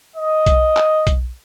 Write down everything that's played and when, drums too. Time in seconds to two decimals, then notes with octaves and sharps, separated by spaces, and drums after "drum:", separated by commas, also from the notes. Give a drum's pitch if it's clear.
0.16 D#5
0.46 drum: kick B1, hi-hat
0.77 drum: clap
1.07 drum: kick B1, hi-hat